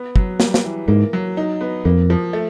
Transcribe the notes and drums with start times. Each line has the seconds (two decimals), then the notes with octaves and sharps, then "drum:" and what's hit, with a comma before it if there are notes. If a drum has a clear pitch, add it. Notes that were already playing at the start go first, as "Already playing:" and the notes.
Already playing: B3
0.16 F#3, drum: kick
0.40 G3, drum: snare
0.54 drum: snare
0.64 E3
0.88 G#2 A#3
1.13 F#3
1.37 D#4
1.61 B3
1.85 F2 A#3
2.10 F3
2.33 A3